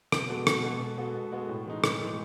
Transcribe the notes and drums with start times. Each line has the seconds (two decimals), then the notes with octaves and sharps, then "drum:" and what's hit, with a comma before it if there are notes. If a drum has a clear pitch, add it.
0.12 B2, drum: rim click
0.29 G#3 B3 F#4 A4
0.47 B2, drum: rim click
0.63 G#3 B3 F#4 A4
0.80 B2
0.98 G#3 B3 F#4 A4
1.15 B2
1.32 G#3 B3 F#4 A4
1.49 A2
1.67 E3 G#3 D#4
1.84 A2, drum: rim click
2.01 E3 G#3 D#4